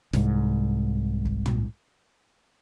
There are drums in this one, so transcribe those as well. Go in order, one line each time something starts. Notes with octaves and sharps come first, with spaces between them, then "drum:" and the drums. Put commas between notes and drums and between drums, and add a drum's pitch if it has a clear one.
C2 G#2, drum: snare
drum: kick
drum: tom